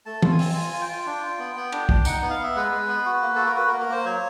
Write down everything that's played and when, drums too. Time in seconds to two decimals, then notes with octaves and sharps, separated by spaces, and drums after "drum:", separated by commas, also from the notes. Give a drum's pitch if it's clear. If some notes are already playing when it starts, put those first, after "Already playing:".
0.06 A3 A5
0.22 F4, drum: tom E3
0.31 G#5
0.39 C4, drum: open hi-hat
0.55 F4 G#5
0.73 F4
0.81 G5
0.89 F4
1.06 D4
1.22 F4
1.39 B3
1.56 B3
1.72 D4, drum: cymbal
1.89 D4, drum: kick
2.05 D#4 F#5, drum: tambourine
2.22 B3
2.30 F5
2.39 B3 E5
2.56 G#3 B4
2.72 G#3
2.88 B3
3.05 F#4
3.22 A#3
3.36 F#4 A4
3.46 A#4
3.56 F#4 B4
3.68 A#4
3.73 A#3
3.80 A#4
3.89 A#3 C5
4.05 F#3 C#5